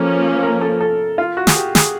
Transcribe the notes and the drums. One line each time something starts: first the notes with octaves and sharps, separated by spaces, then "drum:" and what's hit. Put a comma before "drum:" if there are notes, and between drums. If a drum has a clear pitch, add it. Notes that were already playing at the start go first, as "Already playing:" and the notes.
Already playing: F3 A#3 C#4 A4
A#4
A4
A4
F4
F#4
G#4, drum: snare
G4
G#4, drum: snare